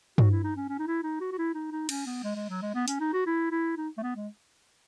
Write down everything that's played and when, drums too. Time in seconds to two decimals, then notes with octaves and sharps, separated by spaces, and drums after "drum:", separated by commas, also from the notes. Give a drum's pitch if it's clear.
0.18 F#4, drum: tom G2
0.30 E4
0.44 D#4
0.56 C#4
0.69 C#4
0.79 D#4
0.87 E4
1.03 D#4
1.20 F#4
1.32 F#4
1.38 E4
1.54 D#4
1.71 D#4
1.89 C#4, drum: cymbal
2.06 B3
2.24 G#3
2.36 G#3
2.49 F#3
2.62 G#3
2.74 B3
2.88 C#4, drum: hi-hat
3.00 D#4
3.13 F#4
3.26 E4
3.51 E4
3.77 D#4
3.98 A3
4.03 B3
4.16 G#3